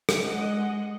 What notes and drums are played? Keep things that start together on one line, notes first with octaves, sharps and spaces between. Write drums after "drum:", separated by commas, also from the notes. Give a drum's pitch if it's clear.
drum: rim click
G#3 D#5 F#5